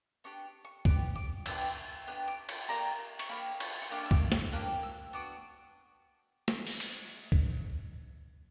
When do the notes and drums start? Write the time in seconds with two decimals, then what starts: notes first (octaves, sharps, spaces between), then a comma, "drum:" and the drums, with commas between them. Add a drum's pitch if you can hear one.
0.24 B3 D4 G4 C#6
0.65 C#6
0.85 B3 D4 G4 D6, drum: kick C2
1.15 D6
1.46 B3 D4 G4 E6, drum: cymbal
2.07 B3 D4 G4 F#6
2.28 D6
2.49 C#6, drum: cymbal
2.69 A#3 D4 G4 A#5
3.19 C#6, drum: cymbal
3.29 A#3 D4 G4 B5
3.60 C#6, drum: cymbal
3.82 C#6
3.91 A#3 D4 G4 D6
4.06 E6
4.11 D6, drum: kick C2
4.32 F#6, drum: snare
4.52 A#3 D4 G4 F#6
4.83 E6
5.13 B3 D4 F#4 D6
6.48 drum: snare
6.67 drum: open hi-hat
6.80 drum: cymbal
7.32 drum: kick C2